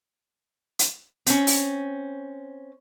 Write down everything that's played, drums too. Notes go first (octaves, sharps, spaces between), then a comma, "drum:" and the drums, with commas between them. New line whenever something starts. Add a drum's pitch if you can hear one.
drum: hi-hat
C4 C#4, drum: hi-hat
drum: open hi-hat